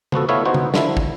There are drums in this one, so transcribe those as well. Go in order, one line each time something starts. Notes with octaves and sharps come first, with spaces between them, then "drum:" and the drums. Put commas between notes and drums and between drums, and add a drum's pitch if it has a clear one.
F3 B3 F#4 A4, drum: tom
A3 B3 E4 C#5 E5 F5
B3 D#4 F#4 C5
drum: tom
D3 F3 E4 A4, drum: snare
drum: kick